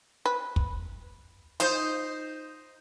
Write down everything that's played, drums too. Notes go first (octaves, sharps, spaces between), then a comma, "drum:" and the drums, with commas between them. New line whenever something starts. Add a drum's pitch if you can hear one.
B4
drum: kick
D#4 F4 C5, drum: hi-hat